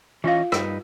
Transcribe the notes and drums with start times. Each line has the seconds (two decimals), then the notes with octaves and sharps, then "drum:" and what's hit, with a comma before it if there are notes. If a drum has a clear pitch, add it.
0.24 E3 C#4 F4 D#5 F5
0.52 G2 D#4 B4, drum: rim click